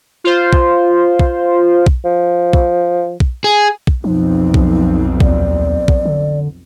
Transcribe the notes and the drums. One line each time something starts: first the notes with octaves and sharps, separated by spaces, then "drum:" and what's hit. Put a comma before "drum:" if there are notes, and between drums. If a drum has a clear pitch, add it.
F4 C5
drum: kick
drum: kick
drum: kick
F3
drum: kick
drum: kick
G#4
drum: kick
B1 F2 F3 C4 D#4
drum: kick
D#2 D5, drum: kick
drum: kick
D3